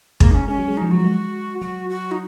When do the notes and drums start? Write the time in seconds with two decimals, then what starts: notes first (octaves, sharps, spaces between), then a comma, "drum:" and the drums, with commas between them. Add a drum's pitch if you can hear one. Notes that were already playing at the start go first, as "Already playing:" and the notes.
0.20 G#3 A#3, drum: kick
0.31 D#4
0.34 C#4
0.48 G#3 C#4
0.58 F#3
0.68 G#3
0.77 F3 D#4
0.91 F#3 F#4
1.04 G#3
1.61 F#3 F#4
1.90 F#4
2.11 D#4